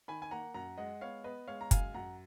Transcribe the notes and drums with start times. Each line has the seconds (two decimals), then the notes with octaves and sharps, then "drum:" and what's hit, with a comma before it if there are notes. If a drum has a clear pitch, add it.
0.08 D#3 G#5 B5
0.22 G#5
0.31 A#3 F#5 A#5
0.54 F#2 F#5 A#5
0.77 G#3 D#5 F#5
1.01 B3 C#5 F5
1.24 B3 B4 D#5
1.47 G#3 C#5 F5
1.61 A#5
1.71 F#2 F5 G#5, drum: kick F#1, hi-hat
1.94 F#2 F#5 A#5